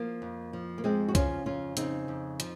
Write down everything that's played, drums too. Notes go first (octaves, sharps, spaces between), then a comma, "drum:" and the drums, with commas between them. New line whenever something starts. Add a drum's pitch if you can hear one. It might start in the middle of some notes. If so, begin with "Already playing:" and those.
Already playing: F3 A#3
F2
F3
A#3
F2 G#3 C4
F#4
C#3 C#4 F4, drum: kick C2, hi-hat
F2 C#4 F4
C#3 C4 D#4, drum: hi-hat
F2
F3, drum: hi-hat